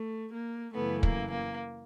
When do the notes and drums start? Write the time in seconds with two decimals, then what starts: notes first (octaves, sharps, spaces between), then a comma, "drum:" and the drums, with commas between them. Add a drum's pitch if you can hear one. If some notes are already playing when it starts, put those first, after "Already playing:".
Already playing: A3
0.34 A#3
0.75 F#2 C#3 E3 A3 B3
1.03 A#3, drum: kick
1.31 A#3